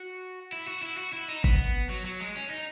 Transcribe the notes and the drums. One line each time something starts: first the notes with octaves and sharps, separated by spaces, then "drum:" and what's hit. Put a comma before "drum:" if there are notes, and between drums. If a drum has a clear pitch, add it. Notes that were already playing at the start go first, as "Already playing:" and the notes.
Already playing: F#4
E4
F#4
E4
F#4
E4
D#4
B3, drum: kick G#1
F#3
F#3
G#3
C#4
D#4